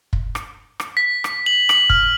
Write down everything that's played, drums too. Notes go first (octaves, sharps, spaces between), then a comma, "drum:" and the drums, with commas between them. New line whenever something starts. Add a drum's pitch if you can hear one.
drum: kick
drum: rim click
drum: rim click
B6
drum: rim click
F#7
F#7, drum: rim click
F6, drum: kick